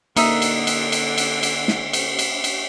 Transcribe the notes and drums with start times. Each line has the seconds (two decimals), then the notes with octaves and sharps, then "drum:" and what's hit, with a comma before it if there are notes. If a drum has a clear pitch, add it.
0.16 D3 A#3 D#4 E5, drum: cymbal
0.42 drum: cymbal
0.67 drum: cymbal
0.92 drum: cymbal
1.18 drum: cymbal
1.43 drum: cymbal
1.68 drum: snare
1.93 drum: cymbal
2.19 drum: cymbal
2.44 drum: cymbal